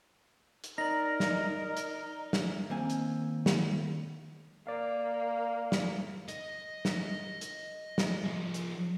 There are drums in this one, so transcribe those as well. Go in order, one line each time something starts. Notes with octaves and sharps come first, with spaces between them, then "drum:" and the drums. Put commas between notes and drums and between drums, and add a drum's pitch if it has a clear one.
drum: hi-hat
D#4 A#4 D5 A#6
drum: snare
drum: hi-hat
drum: snare
D#3 A#3 C4 G#5
drum: hi-hat
drum: snare
A#3 A#4 D5 F5
drum: snare
D#5, drum: hi-hat
drum: snare
drum: hi-hat
drum: snare
F3 G#4
drum: hi-hat